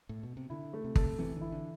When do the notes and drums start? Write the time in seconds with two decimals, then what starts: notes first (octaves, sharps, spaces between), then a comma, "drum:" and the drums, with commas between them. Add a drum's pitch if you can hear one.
0.09 A2
0.23 B2
0.37 C3
0.50 D3 E4
0.73 A3
0.84 C3
0.96 A4, drum: kick
1.19 C3 E3
1.36 D3
1.41 E4
1.52 D3